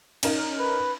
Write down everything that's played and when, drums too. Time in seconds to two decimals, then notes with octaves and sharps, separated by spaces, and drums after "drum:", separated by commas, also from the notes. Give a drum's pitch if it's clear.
0.23 C#4 D#4 A#4, drum: cymbal
0.59 B4